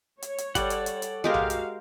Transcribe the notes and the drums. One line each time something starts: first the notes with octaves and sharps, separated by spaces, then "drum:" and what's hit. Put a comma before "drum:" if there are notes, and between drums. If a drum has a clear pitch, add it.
C#5, drum: hi-hat
drum: hi-hat
G3 A4 D5 F#5, drum: kick, hi-hat
drum: hi-hat
drum: hi-hat
drum: hi-hat
G#3 F#4 G4 A#4 F5
drum: tom B1
drum: hi-hat